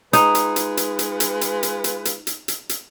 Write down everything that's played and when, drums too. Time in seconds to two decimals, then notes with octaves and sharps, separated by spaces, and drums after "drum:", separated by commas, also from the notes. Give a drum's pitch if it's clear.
0.13 G#3 D#4 F4 B4, drum: hi-hat
0.35 drum: hi-hat
0.56 drum: hi-hat
0.77 drum: hi-hat
0.99 drum: hi-hat
1.20 drum: hi-hat
1.41 drum: hi-hat
1.63 drum: hi-hat
1.84 drum: hi-hat
2.05 drum: hi-hat
2.27 drum: hi-hat
2.48 drum: hi-hat
2.69 drum: hi-hat